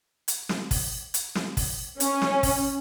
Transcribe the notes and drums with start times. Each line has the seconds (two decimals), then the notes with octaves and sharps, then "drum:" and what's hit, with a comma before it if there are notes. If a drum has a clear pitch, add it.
0.28 drum: hi-hat
0.49 drum: snare
0.71 drum: kick, open hi-hat
1.14 drum: hi-hat
1.35 drum: snare
1.57 drum: kick, open hi-hat
2.00 C#4, drum: hi-hat
2.22 drum: snare
2.43 drum: kick, open hi-hat